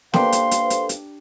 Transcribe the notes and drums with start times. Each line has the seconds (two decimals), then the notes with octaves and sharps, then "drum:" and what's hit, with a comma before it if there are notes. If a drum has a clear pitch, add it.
0.14 A#3 D4 G4 A4 B4 C5 F5 C6, drum: snare
0.32 drum: hi-hat
0.51 drum: hi-hat
0.70 drum: hi-hat
0.89 drum: hi-hat